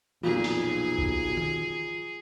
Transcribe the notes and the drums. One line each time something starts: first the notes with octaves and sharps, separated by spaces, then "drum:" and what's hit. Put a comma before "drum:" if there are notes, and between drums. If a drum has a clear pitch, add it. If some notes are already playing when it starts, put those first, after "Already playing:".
B1 F2 A#2 F4 G#4
drum: open hi-hat
drum: kick G#1
drum: tom